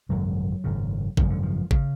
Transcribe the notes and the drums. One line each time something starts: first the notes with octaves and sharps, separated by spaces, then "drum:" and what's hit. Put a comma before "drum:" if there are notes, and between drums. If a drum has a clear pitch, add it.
G#1 F#2 C#3 F#3
G#1 F#2 C#3
G#1 F#2 C#3 F3, drum: kick G#1
D3
F3
C#3, drum: kick G#1